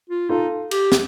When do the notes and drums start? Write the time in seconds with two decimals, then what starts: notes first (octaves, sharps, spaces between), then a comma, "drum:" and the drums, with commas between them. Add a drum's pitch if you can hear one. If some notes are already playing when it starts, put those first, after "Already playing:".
0.10 F4
0.29 D#4 F4 A4
0.71 G4, drum: cymbal
0.92 drum: snare